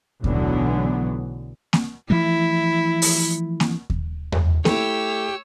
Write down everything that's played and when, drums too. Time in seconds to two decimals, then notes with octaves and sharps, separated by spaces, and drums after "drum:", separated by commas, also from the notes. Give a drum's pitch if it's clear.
0.24 B1 A2 D3 E3 F#3 B3, drum: kick D#2
1.73 drum: snare A#3
2.10 E3 F3 A3 E4
3.02 drum: open hi-hat
3.60 drum: snare A#3
3.90 drum: kick D#2
4.32 drum: tom E2
4.65 A3 E4 G4 C#5 E6, drum: snare A#3